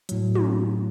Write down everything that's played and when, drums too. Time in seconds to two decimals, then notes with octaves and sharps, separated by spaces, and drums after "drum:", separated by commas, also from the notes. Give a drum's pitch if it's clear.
0.09 A2 F#3, drum: hi-hat
0.35 drum: tom